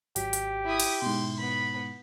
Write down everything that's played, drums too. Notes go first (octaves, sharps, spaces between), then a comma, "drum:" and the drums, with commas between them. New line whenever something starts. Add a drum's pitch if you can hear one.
G#1 F#3 G4 B6, drum: hi-hat
drum: hi-hat
E4 D#6
drum: cymbal
G#2 B2 C6
B3 B5